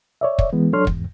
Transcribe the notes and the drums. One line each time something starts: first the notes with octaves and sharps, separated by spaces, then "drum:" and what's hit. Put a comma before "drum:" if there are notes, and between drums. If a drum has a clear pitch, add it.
C#5 D5 E5
drum: kick
E3 G#3 B3
F#3 D4 A4 C#5 C6 F6
E2 G#2, drum: kick